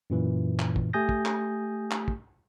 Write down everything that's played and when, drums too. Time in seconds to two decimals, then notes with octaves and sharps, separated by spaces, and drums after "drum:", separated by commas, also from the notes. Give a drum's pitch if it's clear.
0.10 F#2 A#2 E3
0.59 drum: clap
0.76 drum: kick
0.93 A3 G4 G#5 D#6 G6 A#6
1.09 drum: kick
1.25 drum: clap
1.91 drum: clap
2.08 drum: kick